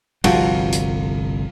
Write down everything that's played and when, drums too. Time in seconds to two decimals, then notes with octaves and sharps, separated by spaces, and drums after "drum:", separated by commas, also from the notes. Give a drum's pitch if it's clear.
0.24 G1 C2 C3 F3 F#4, drum: cymbal
0.72 drum: hi-hat